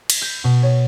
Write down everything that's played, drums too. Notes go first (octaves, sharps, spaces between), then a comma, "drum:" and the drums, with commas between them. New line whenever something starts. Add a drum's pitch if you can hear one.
drum: cymbal
G6
B2
C#5